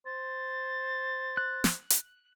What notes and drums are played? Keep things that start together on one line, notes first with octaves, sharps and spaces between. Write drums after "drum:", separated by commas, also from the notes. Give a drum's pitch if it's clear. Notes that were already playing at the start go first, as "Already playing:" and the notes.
C5 A6
F#6
drum: snare
drum: hi-hat